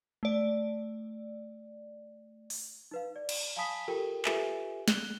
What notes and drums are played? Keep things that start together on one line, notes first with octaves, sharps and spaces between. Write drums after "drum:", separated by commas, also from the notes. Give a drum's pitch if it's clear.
A3 D5
drum: open hi-hat
D#4 B4 F5
D5
drum: cymbal
F5 G#5 A5 B5 D#6 B6
F4 G4 A4 A#4 G5
F4 G4 A4 B4 E5 G#5, drum: clap
F#6 G7, drum: snare